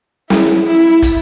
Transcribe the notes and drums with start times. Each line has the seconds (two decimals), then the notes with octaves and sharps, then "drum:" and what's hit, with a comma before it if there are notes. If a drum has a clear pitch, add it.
0.30 E4, drum: snare
0.67 E4
1.02 drum: kick, hi-hat